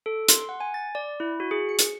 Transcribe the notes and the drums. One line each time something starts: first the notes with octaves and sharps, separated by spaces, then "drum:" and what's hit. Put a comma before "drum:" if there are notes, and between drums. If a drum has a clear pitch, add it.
A4
C6, drum: hi-hat
F#5
G#5
A6
D5
E4
F#4
G#4
C#7
drum: hi-hat